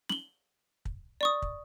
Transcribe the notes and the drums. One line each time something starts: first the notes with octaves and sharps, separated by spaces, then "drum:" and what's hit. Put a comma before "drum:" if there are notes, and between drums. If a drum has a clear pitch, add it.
F#7 G7, drum: snare
drum: kick
D5 C#6 D#6
drum: kick